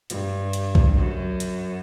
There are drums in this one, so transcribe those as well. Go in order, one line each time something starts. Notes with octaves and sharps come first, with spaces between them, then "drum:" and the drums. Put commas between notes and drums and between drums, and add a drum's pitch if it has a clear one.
G2, drum: hi-hat
drum: hi-hat
drum: kick
F#2
drum: hi-hat